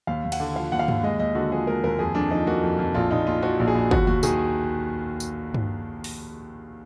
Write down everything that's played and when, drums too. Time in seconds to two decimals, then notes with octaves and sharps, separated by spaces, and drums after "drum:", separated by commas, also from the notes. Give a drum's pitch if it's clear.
0.07 D#2 F5
0.24 D#2
0.32 F#5, drum: cymbal
0.40 D3
0.55 F3 F5
0.72 D#2 F#5
0.79 F5
0.88 D#2, drum: tom G2
1.03 G#3 D#5
1.19 D#2 D#5
1.35 D3 F#4
1.52 F3 G#4
1.67 G#3 A#4
1.84 D#2 A#4
1.99 F2 G#4
2.15 F2 D4
2.31 F3 D#4
2.47 A#3 F#4
2.63 F2
2.79 F2
2.94 A#1 F4
3.11 A#1 D#4
3.26 A#2 F4
3.42 F3 F#4
3.59 A#1
3.67 G#4
3.75 A#1
3.91 D#2 F#4, drum: kick
4.07 D#2 F#4
4.23 D#3 G#4, drum: tambourine
5.20 drum: tambourine
5.54 drum: tom G2
6.04 drum: open hi-hat